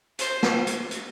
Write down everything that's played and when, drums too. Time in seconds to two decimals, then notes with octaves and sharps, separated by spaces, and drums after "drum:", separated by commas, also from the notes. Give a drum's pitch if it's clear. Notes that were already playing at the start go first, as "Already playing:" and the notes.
0.19 C5, drum: hi-hat
0.43 drum: snare
0.67 drum: hi-hat
0.91 drum: hi-hat